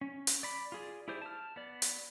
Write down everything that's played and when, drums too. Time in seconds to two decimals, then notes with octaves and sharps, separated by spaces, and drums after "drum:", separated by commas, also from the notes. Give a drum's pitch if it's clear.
0.01 C#4
0.27 drum: hi-hat
0.43 D5 B5
0.72 F4 G#4 D5
1.08 E4 G4 G#4 C5 D5
1.22 A5 F6
1.56 B3 D5
1.82 drum: hi-hat